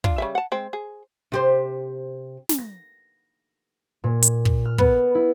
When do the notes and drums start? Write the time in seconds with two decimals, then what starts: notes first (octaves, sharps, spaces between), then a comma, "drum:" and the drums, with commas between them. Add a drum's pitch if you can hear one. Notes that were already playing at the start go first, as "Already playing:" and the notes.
0.04 D4 F4, drum: kick
0.18 C#3 G3 E5
0.35 F#5 A5
0.52 G#3 C4
0.73 G#4
1.32 C3 G4 C5
2.49 drum: snare
2.58 A#6
4.04 A#2
4.22 drum: hi-hat
4.45 drum: kick
4.65 F6
4.78 B3, drum: kick
5.15 E4